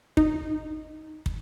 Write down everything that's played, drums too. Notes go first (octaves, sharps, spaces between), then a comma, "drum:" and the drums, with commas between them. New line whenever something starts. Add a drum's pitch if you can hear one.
D#4, drum: kick
drum: kick